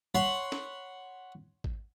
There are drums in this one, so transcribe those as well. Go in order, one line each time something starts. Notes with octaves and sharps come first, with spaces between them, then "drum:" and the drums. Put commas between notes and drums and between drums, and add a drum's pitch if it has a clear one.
C#5 F#5 B5 C6
drum: snare
drum: kick G#1